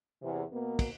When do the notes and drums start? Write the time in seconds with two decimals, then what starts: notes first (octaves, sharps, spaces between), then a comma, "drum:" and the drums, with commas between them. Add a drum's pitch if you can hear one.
0.22 E2 C3
0.51 B2 A#3 B3
0.79 drum: kick, cymbal